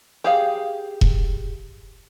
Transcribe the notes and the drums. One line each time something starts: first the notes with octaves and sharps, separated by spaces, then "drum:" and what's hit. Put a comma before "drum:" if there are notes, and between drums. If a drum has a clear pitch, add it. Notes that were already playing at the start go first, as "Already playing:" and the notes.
G4 G#4 F5
drum: kick E1